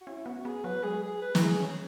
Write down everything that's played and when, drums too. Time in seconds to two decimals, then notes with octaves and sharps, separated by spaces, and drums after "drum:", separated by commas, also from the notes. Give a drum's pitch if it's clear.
0.01 F#4
0.07 C#4 E4
0.25 B3 F#4
0.41 F#4
0.45 B3 G#4
0.64 F#3 B4
0.83 G#3 G#4
1.02 G#4
1.22 B4
1.35 E4, drum: snare
1.41 G#4
1.60 C#4